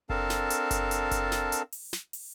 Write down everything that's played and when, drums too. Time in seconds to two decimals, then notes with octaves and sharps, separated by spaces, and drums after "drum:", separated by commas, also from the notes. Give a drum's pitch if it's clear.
0.10 C4 D4 A4 A#4 F5 A5, drum: kick F#1
0.30 drum: snare
0.50 drum: hi-hat
0.71 drum: kick F#1, hi-hat
0.91 drum: hi-hat
1.11 drum: kick F#1, hi-hat
1.32 drum: snare
1.52 drum: hi-hat
1.72 drum: open hi-hat
1.93 drum: snare
2.13 drum: open hi-hat